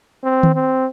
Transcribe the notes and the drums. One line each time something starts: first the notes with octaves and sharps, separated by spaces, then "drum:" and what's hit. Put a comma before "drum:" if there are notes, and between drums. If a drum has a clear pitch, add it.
C4
drum: tom D#3
C4